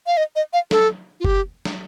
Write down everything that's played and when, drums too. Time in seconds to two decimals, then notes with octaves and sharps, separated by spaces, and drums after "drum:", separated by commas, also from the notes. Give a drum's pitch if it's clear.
0.07 F5
0.17 D#5
0.36 D#5
0.53 F5
0.71 A4, drum: snare
1.20 F4
1.25 G4, drum: kick
1.65 drum: snare